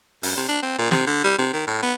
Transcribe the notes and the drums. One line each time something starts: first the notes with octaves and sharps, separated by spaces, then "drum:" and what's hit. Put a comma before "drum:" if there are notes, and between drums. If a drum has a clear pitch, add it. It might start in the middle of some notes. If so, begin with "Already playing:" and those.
F#2, drum: open hi-hat
C3
D4
C4
A#2
C3, drum: snare
D3
G3
C3
D#3
A2
B3